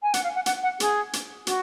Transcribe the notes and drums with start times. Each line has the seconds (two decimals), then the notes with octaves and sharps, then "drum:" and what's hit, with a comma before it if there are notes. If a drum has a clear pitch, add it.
0.03 G#5
0.14 F#5, drum: hi-hat
0.24 F5
0.35 F#5
0.46 F#5, drum: hi-hat
0.63 F#5
0.80 G#4, drum: hi-hat
1.13 drum: hi-hat
1.47 F#4, drum: hi-hat